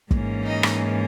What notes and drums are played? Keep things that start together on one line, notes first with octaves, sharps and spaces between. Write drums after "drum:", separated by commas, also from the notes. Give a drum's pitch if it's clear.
G#2 E3 A#3 C#4, drum: kick
D#4 D#5
drum: rim click